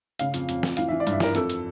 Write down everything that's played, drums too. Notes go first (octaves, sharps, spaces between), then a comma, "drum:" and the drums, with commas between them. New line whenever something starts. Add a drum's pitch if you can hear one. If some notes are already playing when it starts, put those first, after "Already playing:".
C#3 F5, drum: hi-hat
F2, drum: hi-hat
F2, drum: hi-hat
F2, drum: snare
E3 F5, drum: hi-hat
E3 E5
D5
G2, drum: hi-hat
E5
E3 A#4, drum: snare
F2 A4, drum: hi-hat
drum: hi-hat